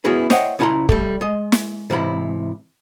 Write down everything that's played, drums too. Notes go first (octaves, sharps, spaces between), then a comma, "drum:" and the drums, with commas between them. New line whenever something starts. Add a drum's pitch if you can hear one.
B3 C#4 E4 F#4 G#4 B4
C5 C#5 D#5 E5 F#5 G5, drum: snare
C#2 C#4 E4 G#5 A#5 C6
G3 A3 A4, drum: kick
G#3 D#5
drum: snare
G#2 C3 E3 E4 B5